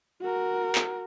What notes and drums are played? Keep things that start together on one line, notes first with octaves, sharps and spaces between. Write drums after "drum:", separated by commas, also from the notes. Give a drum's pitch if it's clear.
F#4 A#4
drum: clap